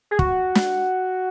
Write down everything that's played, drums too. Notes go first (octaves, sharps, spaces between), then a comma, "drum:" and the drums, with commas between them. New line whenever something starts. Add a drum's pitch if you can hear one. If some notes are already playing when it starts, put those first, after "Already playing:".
G#4
F#4, drum: kick
drum: snare